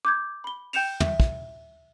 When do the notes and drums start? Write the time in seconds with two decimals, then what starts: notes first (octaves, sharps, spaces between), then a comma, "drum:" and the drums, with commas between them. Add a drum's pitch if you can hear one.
0.05 D6 G6 G#6
0.44 B5 G7
0.73 G5 G6 C#7 E7 F7, drum: open hi-hat
1.00 E5, drum: tom
1.20 drum: kick